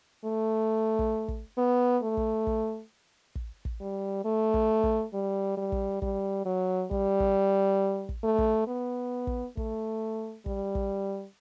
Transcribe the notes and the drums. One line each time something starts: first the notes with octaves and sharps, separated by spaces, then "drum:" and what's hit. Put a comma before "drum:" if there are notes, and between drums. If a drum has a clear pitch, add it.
A3
drum: kick
drum: kick
B3
A3
drum: kick
drum: kick
drum: kick
drum: kick
G3
A3
drum: kick
drum: kick
G3
G3
drum: kick
G3, drum: kick
F#3
G3, drum: kick
drum: kick
drum: kick
A3
drum: kick
B3
drum: kick
A3, drum: kick
G3, drum: kick
drum: kick